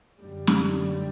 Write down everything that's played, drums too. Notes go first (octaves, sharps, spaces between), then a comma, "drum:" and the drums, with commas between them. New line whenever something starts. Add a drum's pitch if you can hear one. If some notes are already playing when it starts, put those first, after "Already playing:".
F#2 D3 G3
drum: snare